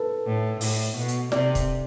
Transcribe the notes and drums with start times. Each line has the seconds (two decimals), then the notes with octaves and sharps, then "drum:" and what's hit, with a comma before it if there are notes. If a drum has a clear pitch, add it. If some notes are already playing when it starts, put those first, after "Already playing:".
Already playing: A4 B4
0.26 A2
0.61 A2, drum: open hi-hat
0.96 B2
1.08 drum: hi-hat
1.32 C3 D5, drum: snare
1.55 drum: kick, hi-hat